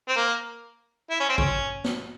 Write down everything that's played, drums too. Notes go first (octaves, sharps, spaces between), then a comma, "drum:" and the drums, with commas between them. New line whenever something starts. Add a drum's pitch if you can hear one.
C4
A#3
E4
C#4
C4
C#4, drum: kick G#1
drum: snare